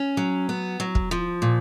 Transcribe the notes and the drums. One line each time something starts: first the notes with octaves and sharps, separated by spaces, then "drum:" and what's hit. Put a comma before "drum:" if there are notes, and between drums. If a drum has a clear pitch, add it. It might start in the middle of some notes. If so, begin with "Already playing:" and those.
Already playing: C#4
F#3
B3
F#3
drum: kick
F3
A#2